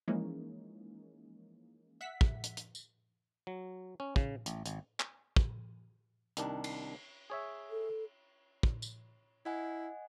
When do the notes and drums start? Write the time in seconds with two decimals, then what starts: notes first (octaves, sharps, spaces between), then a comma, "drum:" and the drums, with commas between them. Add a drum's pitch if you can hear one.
0.08 E3 F3 G#3 A#3 C#4 D#4
2.01 E5 F#5 B6
2.21 drum: kick
2.44 drum: hi-hat
2.57 drum: hi-hat
2.75 drum: tambourine
3.47 F#3
4.00 C#4
4.16 C#3, drum: kick
4.46 A1, drum: hi-hat
4.66 G#1, drum: hi-hat
5.00 drum: clap
5.36 drum: kick
6.37 C2 D#3 D4, drum: hi-hat
6.64 drum: cymbal
7.30 G#4 C#5 E5
7.70 A4
8.63 drum: kick
8.82 drum: tambourine
9.45 E4 D#5 F#5 G#5